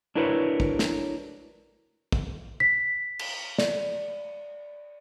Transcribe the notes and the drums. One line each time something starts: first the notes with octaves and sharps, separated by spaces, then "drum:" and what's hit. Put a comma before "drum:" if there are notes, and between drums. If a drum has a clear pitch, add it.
D4 E4 F#4 A#4 B4 C#5
drum: kick
drum: snare
drum: kick
B6
drum: cymbal
D5, drum: snare